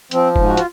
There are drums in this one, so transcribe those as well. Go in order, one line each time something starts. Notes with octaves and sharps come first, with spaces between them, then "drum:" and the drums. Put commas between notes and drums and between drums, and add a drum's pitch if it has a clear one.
F3 C4, drum: hi-hat
G#2, drum: kick F1
F#4
F4, drum: hi-hat